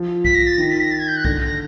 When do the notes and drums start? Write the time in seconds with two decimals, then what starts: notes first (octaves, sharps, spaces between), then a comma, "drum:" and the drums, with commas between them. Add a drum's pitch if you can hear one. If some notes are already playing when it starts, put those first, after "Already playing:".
Already playing: F3
0.25 B6, drum: kick
0.35 A#6
0.47 A6
0.58 D#3 A#6
0.70 B6
0.80 A#6
0.91 A6
0.99 G#6
1.08 G6
1.17 F#6
1.25 D3 A#6, drum: kick
1.42 A#6